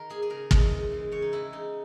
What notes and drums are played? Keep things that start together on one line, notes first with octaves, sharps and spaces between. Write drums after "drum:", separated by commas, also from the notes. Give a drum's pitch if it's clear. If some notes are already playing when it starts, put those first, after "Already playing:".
Already playing: D#3 A#4
A#3 G#4
G#4
C#3 A#4
E3 G#3 D#5, drum: kick
C#3
E3 G#3
C#3 C#5
D#4
E3 G#3 E4
C#3 D#4